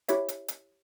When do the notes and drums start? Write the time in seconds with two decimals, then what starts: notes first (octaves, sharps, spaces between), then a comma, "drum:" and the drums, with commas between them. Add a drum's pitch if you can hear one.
0.09 E4 G4 C#5 E5, drum: hi-hat
0.28 drum: hi-hat
0.48 drum: hi-hat